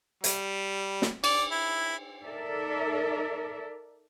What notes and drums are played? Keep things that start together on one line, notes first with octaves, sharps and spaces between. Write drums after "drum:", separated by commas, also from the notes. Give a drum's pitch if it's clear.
G3, drum: hi-hat
drum: snare
D5, drum: cymbal
E4
D#4 A4 A#4 D5 E5